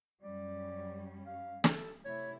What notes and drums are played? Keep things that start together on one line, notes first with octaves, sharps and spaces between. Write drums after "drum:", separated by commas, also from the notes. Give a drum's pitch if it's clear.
F#2 G3 C#4 D5
F5
A4, drum: snare
C3 A3 E4 C#5